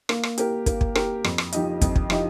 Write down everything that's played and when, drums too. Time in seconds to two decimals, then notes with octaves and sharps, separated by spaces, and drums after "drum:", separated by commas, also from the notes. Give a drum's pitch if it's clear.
0.09 A#3, drum: rim click
0.23 drum: rim click
0.38 G4 A#4, drum: hi-hat
0.66 A#3, drum: kick, hi-hat
0.81 drum: kick
0.95 G4 A#4, drum: rim click
1.24 F2, drum: rim click
1.38 drum: rim click
1.52 F3 D#4 G4 D#5, drum: hi-hat
1.81 F2, drum: kick, hi-hat
1.96 drum: kick
2.10 F3 D#4 G4 D#5, drum: rim click